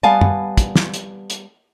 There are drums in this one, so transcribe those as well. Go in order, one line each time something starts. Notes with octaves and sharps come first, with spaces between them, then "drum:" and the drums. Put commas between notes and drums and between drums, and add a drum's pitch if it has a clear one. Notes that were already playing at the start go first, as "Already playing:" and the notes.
G3 B3 F5 G#5 A5
drum: tom
drum: kick, hi-hat
drum: snare
drum: hi-hat
drum: hi-hat